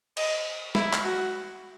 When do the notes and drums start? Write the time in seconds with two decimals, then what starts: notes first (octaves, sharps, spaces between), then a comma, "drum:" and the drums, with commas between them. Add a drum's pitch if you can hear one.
0.17 D#5, drum: cymbal
0.75 E4, drum: snare
0.93 drum: clap
1.04 F#4